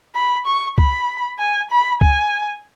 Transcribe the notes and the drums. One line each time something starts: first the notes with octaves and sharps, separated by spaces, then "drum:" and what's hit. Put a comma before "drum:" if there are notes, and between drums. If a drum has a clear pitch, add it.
B5
C#6
B5, drum: kick C#2
G#5
B5
G#5, drum: kick C#2